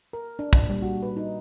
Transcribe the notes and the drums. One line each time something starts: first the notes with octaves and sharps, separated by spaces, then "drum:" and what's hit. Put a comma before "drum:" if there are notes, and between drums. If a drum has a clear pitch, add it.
A#4
D4
A#2, drum: kick
G3
F#4
B4
D#4